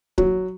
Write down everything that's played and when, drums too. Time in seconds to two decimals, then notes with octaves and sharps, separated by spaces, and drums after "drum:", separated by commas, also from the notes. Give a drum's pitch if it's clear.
0.18 F#3, drum: kick D1